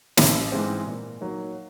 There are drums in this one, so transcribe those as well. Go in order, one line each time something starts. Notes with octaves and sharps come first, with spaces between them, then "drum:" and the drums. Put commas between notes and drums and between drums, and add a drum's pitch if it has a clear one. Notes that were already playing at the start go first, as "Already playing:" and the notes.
A1, drum: snare
G#2 E3 G#3 C4
A#2
F#3 A#3 D#4